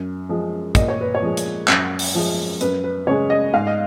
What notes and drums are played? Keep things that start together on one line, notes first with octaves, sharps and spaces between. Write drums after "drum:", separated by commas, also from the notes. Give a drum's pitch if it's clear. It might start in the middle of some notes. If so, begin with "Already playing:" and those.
Already playing: F#2
F3 G#3
A#2 D#5, drum: kick, hi-hat
C#5
B4
C#5
F3 G#3
drum: hi-hat
F#2, drum: clap
drum: open hi-hat
F3 G#3
F#2 B4, drum: hi-hat
B4
C#3 G#3 C#5
D#5
G#2 F5
D#5